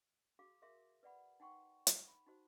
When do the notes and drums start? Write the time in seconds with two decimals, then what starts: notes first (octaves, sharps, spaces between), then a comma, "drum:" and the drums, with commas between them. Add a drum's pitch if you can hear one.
0.39 F#4 G#4 F5 D6
0.62 G#4 A#4 E5 F5 C6
1.03 B4 D5 F#5 B5
1.40 D#4 F#5 G5 C6 C#6
1.87 drum: hi-hat
2.08 B5
2.27 D#4 F#4 C5